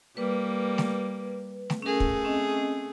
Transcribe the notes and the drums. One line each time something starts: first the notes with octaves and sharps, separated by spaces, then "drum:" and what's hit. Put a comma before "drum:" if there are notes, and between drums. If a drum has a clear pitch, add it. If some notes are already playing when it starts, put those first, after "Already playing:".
G3 A#3 B4
drum: snare A3
drum: snare A3
A3 C#4 G#4 A#4
drum: kick
C4 C#4 D#5